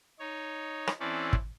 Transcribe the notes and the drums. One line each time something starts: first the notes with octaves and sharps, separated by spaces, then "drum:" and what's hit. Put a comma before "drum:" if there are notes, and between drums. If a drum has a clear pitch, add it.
D#4 C#5
drum: rim click
E3 C4 C#4 E4 A4 D5
drum: kick